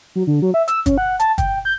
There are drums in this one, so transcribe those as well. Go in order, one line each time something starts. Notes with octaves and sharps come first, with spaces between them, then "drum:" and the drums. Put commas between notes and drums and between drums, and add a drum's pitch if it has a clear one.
F#3
D3
F#3
E5
E6, drum: hi-hat
C#4, drum: kick, hi-hat
F#5
A5, drum: hi-hat
G5, drum: kick, hi-hat
G6